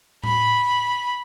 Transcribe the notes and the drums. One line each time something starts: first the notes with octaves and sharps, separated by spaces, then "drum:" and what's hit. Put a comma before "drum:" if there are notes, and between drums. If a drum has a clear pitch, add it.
B5, drum: tom A2